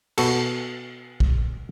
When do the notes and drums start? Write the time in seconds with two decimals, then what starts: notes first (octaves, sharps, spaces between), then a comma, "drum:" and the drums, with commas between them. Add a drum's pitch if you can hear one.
0.18 B2 F#4 A4, drum: cymbal
1.20 drum: kick